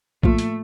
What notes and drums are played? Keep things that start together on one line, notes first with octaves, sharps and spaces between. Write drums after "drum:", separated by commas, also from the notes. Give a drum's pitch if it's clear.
A2 F3 A3 A#3 F4, drum: kick A#1
drum: hi-hat